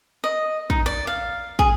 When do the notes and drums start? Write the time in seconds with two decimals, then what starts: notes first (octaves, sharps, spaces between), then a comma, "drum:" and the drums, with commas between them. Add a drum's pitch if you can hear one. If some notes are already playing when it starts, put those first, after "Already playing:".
0.24 D#5
0.70 D#4, drum: kick
0.86 D5
1.07 F5
1.59 G#4, drum: kick